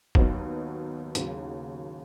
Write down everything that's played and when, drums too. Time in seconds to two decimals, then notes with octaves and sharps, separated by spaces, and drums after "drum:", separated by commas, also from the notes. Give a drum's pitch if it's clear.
0.15 D#2 D#3 F#3 B3 D#4, drum: kick
1.15 D#2 C#3 F#3, drum: hi-hat